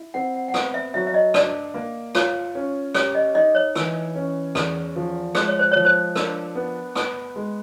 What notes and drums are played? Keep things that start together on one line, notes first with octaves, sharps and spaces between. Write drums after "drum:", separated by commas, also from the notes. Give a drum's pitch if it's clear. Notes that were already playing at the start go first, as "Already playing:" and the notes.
Already playing: E4
C4 F#5
F#5
F#5
B3 F5, drum: rim click
E5
F#3 E5
E5
D#5
D4 D5, drum: rim click
A#3
F4 C#5, drum: rim click
C#4
G4 C#5, drum: rim click
D#5
D#4 D#5
C#5
E3, drum: rim click
C#4
E2, drum: rim click
F3
G#3 C5, drum: rim click
C#5
C5
F3 C#5
C5
D4 A#4, drum: rim click
B3
B3, drum: rim click
G#3